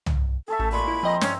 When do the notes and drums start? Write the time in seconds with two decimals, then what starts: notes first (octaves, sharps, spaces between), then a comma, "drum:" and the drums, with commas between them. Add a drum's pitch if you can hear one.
0.06 drum: tom C2
0.48 G#4 A4 C#5 E5
0.59 A1 A3
0.72 A#2 G#3 B5 C#6
0.88 E4
1.03 F3 C4 D#5 A#5
1.21 G2 C#4, drum: snare